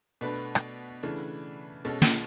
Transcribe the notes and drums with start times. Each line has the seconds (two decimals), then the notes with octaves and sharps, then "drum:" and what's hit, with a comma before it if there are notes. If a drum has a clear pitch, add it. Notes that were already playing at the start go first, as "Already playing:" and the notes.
0.21 B2 A3 D4 B4
0.55 drum: rim click
1.03 C#3 E3 A3 D4
1.85 B2 G#3 C#4 A4
2.02 drum: snare